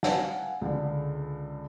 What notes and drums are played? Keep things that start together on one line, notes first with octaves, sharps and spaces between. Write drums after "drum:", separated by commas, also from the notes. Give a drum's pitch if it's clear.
B4 F5 F#5 G#5 A5, drum: snare
C#2 D3